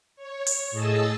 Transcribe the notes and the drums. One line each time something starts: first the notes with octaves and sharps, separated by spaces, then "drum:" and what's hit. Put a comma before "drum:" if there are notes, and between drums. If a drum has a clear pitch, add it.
C#5
drum: open hi-hat
A2 G#4 D#5 A5 E6